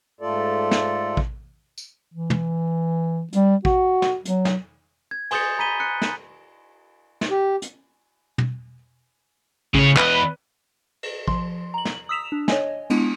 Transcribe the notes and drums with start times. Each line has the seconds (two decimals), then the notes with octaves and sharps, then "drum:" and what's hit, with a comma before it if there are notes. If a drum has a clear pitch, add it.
0.21 G#2 A3 F4 A4 D5
0.71 drum: snare
1.17 drum: kick
1.78 drum: tambourine
2.14 E3
2.30 drum: tom
3.33 G3, drum: hi-hat
3.65 F#4, drum: kick
4.02 drum: snare
4.25 F#3, drum: hi-hat
4.45 drum: snare
5.11 G#6
5.31 G#5 C6 D#6 G6 A6 C#7, drum: cymbal
5.59 A#5 B5 B6 D#7 G7
5.80 F#6 C#7
6.02 drum: snare
7.21 drum: snare
7.30 G4
7.62 drum: hi-hat
8.38 drum: tom
9.74 A2 C#3 C#5, drum: kick
9.97 E2 B4 D#5, drum: clap
11.03 drum: cymbal
11.28 F3 C6, drum: kick
11.74 A#5 F#7
11.85 drum: snare
12.09 D#6 E6 B6 E7 F7
12.32 D4
12.48 C#5 D#5 G#5, drum: snare
12.90 G#3 B3 D4 E4, drum: cymbal